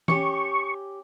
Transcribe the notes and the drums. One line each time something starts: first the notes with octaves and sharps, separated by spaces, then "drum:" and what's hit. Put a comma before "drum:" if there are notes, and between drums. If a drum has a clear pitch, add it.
C#4 G4 C#6, drum: tom